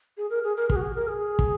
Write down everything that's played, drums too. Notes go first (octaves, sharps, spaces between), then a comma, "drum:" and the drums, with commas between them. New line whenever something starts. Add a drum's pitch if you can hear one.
G#4
A#4
G#4
A#4
G#4, drum: kick
F#4
G#4
A#4
G#4
drum: kick